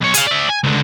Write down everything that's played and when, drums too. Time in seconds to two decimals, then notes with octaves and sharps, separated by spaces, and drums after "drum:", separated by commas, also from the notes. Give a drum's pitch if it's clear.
0.01 B1 C#5
0.14 G#4 F5, drum: hi-hat
0.27 D5 E5
0.49 G#5
0.64 C#2 D3